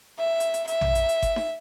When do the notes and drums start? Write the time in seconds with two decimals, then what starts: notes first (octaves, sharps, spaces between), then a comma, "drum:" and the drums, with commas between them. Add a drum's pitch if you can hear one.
0.19 E5
0.40 drum: hi-hat
0.54 drum: hi-hat
0.67 E5, drum: hi-hat
0.81 drum: tom A#1
0.95 drum: hi-hat
1.09 drum: hi-hat
1.22 drum: kick G1, hi-hat
1.36 drum: snare D#4